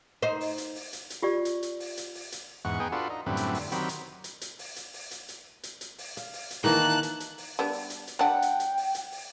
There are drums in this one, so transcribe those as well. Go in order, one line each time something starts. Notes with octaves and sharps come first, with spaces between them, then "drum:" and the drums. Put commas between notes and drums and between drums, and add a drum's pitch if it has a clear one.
D#4 C5
drum: open hi-hat
drum: hi-hat
drum: open hi-hat
drum: hi-hat
drum: hi-hat
F4 G4 D5
drum: hi-hat
drum: hi-hat
drum: open hi-hat
drum: hi-hat
drum: open hi-hat
drum: hi-hat
E2 G#2 F#5 C#6
B3 D#4 G#4 G5
D4 F4 F#4 A4 B4
D#4
F#2 A2 D3 G3 C4 B4
drum: hi-hat
drum: open hi-hat
D#3 F#3 C4 G4 B5, drum: hi-hat
drum: hi-hat
drum: hi-hat
drum: hi-hat
drum: open hi-hat
drum: hi-hat
drum: open hi-hat
drum: hi-hat
drum: hi-hat
drum: hi-hat
drum: hi-hat
drum: open hi-hat
F5, drum: hi-hat
drum: open hi-hat
drum: hi-hat
D#3 E3 A#3 A5 F#6
drum: hi-hat
drum: hi-hat
drum: open hi-hat
G3 B3 D4
drum: open hi-hat
drum: hi-hat
drum: hi-hat
G3 D4 F#5 G5
drum: hi-hat
drum: hi-hat
drum: open hi-hat
drum: hi-hat
drum: open hi-hat